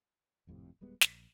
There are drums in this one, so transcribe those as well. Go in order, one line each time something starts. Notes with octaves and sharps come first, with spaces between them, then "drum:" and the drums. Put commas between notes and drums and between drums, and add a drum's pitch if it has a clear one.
G#1 F2 A2 C3
D1 G3 G#3 B3
A#1, drum: snare